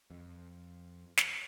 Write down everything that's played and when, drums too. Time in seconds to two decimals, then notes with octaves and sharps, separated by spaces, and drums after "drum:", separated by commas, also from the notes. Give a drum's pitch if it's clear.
0.10 F2
1.17 drum: snare